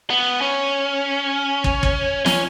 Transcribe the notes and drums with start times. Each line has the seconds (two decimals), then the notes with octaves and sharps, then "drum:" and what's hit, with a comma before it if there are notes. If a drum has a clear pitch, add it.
0.10 B3
0.41 C#4
1.64 drum: kick
1.83 drum: kick
2.26 C#4, drum: snare